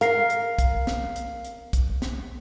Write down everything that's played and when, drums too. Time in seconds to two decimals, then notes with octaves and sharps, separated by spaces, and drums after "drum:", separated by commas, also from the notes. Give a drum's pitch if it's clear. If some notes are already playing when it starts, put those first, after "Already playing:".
0.01 A#4 F5 C7, drum: hi-hat
0.30 drum: hi-hat
0.59 drum: kick, hi-hat
0.87 drum: snare
1.16 drum: hi-hat
1.45 drum: hi-hat
1.73 drum: kick, hi-hat
2.02 drum: snare